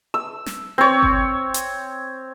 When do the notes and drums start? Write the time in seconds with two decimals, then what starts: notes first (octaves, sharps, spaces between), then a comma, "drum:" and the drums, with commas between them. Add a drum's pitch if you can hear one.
0.14 E6
0.46 drum: snare
0.78 C4 C#5
1.03 drum: kick G1
1.54 drum: hi-hat